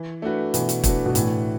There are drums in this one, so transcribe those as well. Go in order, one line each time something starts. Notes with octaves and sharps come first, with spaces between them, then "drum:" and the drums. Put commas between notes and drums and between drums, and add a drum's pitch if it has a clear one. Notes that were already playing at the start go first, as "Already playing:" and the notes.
Already playing: E3
A3 D4 F#4 B4
B2 E3, drum: hi-hat
drum: hi-hat
A3 D4 F#4 B4, drum: kick, hi-hat
B2
A2 E3, drum: hi-hat